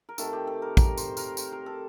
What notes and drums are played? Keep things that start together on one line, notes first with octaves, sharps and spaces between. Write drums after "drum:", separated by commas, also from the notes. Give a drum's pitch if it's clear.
A#4
C3 D#3 A3 A4, drum: tambourine
G4
A4
A#4
A#4, drum: kick, tambourine
C5, drum: tambourine
A#4, drum: tambourine
C5, drum: tambourine
A#4
A4